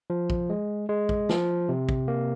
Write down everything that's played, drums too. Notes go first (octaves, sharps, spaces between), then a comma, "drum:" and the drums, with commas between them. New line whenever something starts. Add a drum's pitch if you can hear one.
F3
drum: kick
G#3
G#3
drum: kick
F3, drum: snare
C3
drum: kick
A#3